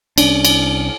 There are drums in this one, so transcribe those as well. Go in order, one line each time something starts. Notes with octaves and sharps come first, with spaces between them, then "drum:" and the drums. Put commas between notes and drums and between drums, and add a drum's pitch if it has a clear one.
C2 C#4 D4, drum: cymbal
drum: cymbal